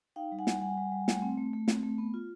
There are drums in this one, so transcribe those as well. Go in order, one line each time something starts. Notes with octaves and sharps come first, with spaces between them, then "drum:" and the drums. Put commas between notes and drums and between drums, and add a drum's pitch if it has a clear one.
D#4 F5 G5
G3
F#5 G#5
G3, drum: snare
G3 F#5 G#5
G3
G3
A3, drum: snare
C4
A3
A3
C4, drum: snare
A3
B3
F4